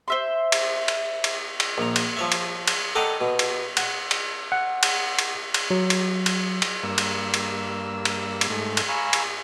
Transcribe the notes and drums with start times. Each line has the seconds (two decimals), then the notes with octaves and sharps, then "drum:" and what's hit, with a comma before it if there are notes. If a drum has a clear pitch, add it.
0.08 C5 E5 C6
0.52 drum: cymbal
0.88 drum: cymbal
1.24 drum: cymbal
1.60 drum: cymbal
1.78 A#1 A#5
1.96 drum: cymbal
2.17 F3 C#5 E5
2.32 drum: cymbal
2.67 drum: cymbal
2.95 A4 D5 D#5 F#5 G5 A#5
3.21 B2
3.39 drum: cymbal
3.77 F#5, drum: cymbal
4.11 drum: cymbal
4.52 F#5
4.83 drum: cymbal
5.19 drum: cymbal
5.54 drum: cymbal
5.70 F#3
5.90 drum: cymbal
6.26 drum: cymbal
6.62 drum: cymbal
6.83 G2 A#3 E6
6.98 drum: cymbal
7.34 drum: cymbal
8.05 drum: cymbal
8.41 drum: cymbal
8.50 G#2 A3
8.77 drum: cymbal
8.89 F5 G#5 A#5 B5 C#6 E6
9.13 drum: cymbal